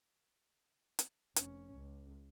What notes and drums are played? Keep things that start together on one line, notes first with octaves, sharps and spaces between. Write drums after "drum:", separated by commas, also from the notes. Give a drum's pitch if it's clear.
drum: hi-hat
F1 C#4, drum: hi-hat
C#2